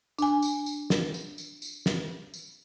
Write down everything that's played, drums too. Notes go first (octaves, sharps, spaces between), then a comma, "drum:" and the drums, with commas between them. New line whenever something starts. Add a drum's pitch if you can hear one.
D4 G#5, drum: tambourine
drum: tambourine
drum: tambourine
drum: snare
drum: tambourine
drum: tambourine
drum: tambourine
drum: snare
drum: tambourine